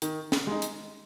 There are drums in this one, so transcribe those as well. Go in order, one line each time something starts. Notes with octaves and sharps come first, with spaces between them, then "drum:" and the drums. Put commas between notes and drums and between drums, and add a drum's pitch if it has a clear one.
D#3, drum: hi-hat
drum: snare
G#3 D#4
drum: hi-hat